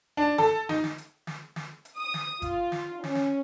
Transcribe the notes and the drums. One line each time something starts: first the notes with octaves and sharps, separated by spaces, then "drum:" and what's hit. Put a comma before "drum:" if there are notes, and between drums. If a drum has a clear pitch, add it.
D4
A4, drum: snare
D#4, drum: snare
drum: snare
drum: hi-hat
drum: snare
drum: snare
drum: hi-hat
D#6
drum: snare
F4, drum: kick G1, hi-hat
drum: snare
C#4, drum: snare
drum: snare